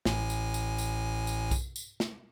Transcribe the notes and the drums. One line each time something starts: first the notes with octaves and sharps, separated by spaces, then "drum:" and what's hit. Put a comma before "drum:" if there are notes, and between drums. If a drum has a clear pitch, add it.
A1 A2 G#5, drum: snare
drum: tambourine
drum: tambourine
drum: tambourine
drum: tambourine
drum: kick B1, tambourine
drum: tambourine
drum: snare